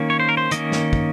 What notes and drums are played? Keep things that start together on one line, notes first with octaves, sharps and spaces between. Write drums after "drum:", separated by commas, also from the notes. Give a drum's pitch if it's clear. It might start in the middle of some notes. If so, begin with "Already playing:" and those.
Already playing: D#3 A#3 C#4
C#5
C5
A#4
C5
D#3 A#3 C#4 D#5, drum: hi-hat
drum: snare
drum: kick